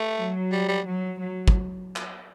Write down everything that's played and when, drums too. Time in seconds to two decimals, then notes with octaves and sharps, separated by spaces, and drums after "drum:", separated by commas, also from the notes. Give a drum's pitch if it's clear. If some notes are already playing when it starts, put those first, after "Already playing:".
Already playing: A3
0.17 F#3
0.52 G3
0.68 G3
0.85 F#3
1.19 F#3
1.48 drum: kick
1.96 drum: clap